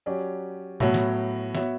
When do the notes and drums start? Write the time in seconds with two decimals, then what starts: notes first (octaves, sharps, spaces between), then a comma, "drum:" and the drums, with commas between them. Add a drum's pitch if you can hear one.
0.06 F#3 C#4 G4 D5
0.80 A2 F#3 B3 F#4 C#5, drum: tom B2
0.94 drum: snare
1.55 B3 F#4 C#5 E5, drum: snare